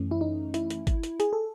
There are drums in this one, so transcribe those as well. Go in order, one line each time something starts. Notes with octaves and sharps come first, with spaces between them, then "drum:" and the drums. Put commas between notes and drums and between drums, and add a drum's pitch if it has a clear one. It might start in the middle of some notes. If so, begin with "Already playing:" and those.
Already playing: F#2 E3 A3 C#4
E4
D#4
E4, drum: hi-hat
drum: hi-hat
drum: kick, hi-hat
drum: hi-hat
G#4, drum: hi-hat
A4